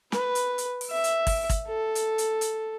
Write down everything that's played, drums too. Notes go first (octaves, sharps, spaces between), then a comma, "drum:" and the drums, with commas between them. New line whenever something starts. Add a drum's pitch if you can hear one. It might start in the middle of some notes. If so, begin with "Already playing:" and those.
B4, drum: snare
drum: hi-hat
drum: hi-hat
drum: open hi-hat
E5
drum: hi-hat
drum: kick, open hi-hat
drum: kick, hi-hat
A4
drum: hi-hat
drum: hi-hat
drum: hi-hat